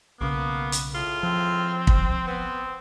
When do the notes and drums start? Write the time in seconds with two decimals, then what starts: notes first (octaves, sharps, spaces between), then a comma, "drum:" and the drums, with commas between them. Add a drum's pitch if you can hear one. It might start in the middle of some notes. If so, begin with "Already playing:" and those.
0.21 B1 C#3 A#3 B3
0.72 drum: hi-hat
0.94 A2 G#3 F4
1.23 F3 C4
1.87 drum: kick
2.27 B3 C4